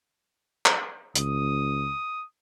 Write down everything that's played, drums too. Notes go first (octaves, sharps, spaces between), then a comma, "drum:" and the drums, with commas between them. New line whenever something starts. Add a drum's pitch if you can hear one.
drum: clap
C#2 D#6, drum: hi-hat